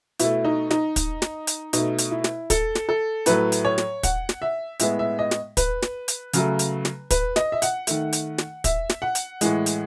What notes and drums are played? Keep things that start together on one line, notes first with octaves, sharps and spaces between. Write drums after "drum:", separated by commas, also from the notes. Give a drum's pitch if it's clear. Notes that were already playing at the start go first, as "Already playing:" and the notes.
B2 A3 E4, drum: hi-hat
D#4
D#4, drum: snare
drum: kick, hi-hat
drum: snare
drum: hi-hat
B2 A3 D#4, drum: hi-hat
drum: hi-hat
E4
drum: snare
A4, drum: kick, hi-hat
drum: snare
A4
A2 F#3 A3 B4, drum: hi-hat
drum: hi-hat
C#5
drum: snare
F#5, drum: kick, hi-hat
drum: snare
E5
A2 G#3 B3 E5, drum: hi-hat
E5
D#5
drum: snare
B4, drum: kick, hi-hat
drum: snare
drum: hi-hat
C#3 F#3 A3, drum: hi-hat
drum: hi-hat
drum: snare
B4, drum: kick, hi-hat
D#5, drum: snare
E5
F#5, drum: hi-hat
D#3 A3, drum: hi-hat
drum: hi-hat
drum: snare
E5, drum: kick, hi-hat
drum: snare
F#5
drum: hi-hat
A2 E3 G#3, drum: hi-hat
drum: hi-hat